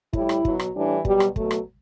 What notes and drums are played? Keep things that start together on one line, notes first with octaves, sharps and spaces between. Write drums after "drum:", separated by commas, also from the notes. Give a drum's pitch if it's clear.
A2 G3 E4, drum: kick
drum: rim click
B2 F#3, drum: kick
drum: rim click
A2 E3 G3 D4
B2 F#3 G3, drum: kick
drum: rim click
B2 F#3 A3, drum: kick
drum: rim click